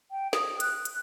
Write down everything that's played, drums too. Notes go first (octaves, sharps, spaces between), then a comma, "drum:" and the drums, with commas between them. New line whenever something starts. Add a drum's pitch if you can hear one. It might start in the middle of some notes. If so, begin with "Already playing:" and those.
G5
D#6, drum: snare
F#6, drum: hi-hat
drum: hi-hat